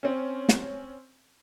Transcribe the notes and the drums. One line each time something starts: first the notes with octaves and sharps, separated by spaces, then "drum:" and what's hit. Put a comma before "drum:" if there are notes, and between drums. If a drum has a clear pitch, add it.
C4 C#4
drum: snare